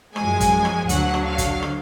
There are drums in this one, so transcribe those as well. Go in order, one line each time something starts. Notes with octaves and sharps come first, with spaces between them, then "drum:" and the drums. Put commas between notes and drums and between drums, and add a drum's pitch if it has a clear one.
F#2 F3 G#3 G#5, drum: rim click
drum: kick, hi-hat
drum: rim click
D2 D3 F#3 F#5, drum: hi-hat
drum: rim click
F5
drum: kick, hi-hat
drum: rim click